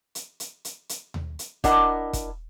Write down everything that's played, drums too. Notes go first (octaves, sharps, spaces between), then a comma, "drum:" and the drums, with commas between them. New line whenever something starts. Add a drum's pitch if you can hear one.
drum: hi-hat
drum: hi-hat
drum: hi-hat
drum: hi-hat
drum: tom D#2
drum: hi-hat
D4 E4 A#4 D#5 F#5, drum: kick, hi-hat
drum: kick, hi-hat